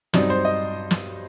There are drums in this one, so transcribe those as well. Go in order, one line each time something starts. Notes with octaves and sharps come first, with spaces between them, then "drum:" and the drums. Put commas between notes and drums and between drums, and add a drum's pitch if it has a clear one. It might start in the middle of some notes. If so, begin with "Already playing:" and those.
G2 F#3 C4 D#4 D5, drum: snare
C5
D#5
drum: snare